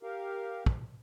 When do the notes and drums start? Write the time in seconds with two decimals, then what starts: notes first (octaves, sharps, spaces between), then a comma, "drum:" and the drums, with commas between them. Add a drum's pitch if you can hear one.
0.03 G4 A#4 F5
0.66 drum: kick